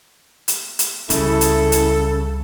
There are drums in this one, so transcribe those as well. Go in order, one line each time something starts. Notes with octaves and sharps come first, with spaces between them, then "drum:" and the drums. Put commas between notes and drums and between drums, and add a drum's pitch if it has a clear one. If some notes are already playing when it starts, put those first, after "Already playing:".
drum: hi-hat
drum: hi-hat
C#2 C#3 G3 E4 A4, drum: hi-hat
drum: hi-hat
drum: hi-hat